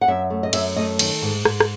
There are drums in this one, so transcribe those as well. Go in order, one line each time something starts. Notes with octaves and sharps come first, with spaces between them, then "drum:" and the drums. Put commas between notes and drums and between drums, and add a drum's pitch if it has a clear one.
F#5
F#2 E5
A3
D#5
F#2 E5, drum: cymbal
A3 D#5
D#3, drum: cymbal
G#2
G#2, drum: rim click
drum: rim click